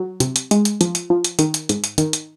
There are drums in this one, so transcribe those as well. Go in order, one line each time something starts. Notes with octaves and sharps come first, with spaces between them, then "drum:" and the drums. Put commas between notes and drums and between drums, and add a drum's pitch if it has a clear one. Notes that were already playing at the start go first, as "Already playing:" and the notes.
Already playing: F#3
C3, drum: hi-hat
drum: hi-hat
G#3, drum: hi-hat
drum: hi-hat
F3, drum: hi-hat
drum: hi-hat
F3
drum: hi-hat
D#3, drum: hi-hat
drum: hi-hat
G#2, drum: hi-hat
drum: hi-hat
D#3, drum: hi-hat
drum: hi-hat